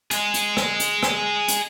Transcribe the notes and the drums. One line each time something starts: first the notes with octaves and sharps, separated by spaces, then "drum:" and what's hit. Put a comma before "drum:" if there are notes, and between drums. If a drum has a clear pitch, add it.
G#4 D#5, drum: hi-hat
drum: hi-hat
drum: rim click
drum: hi-hat
drum: rim click
drum: hi-hat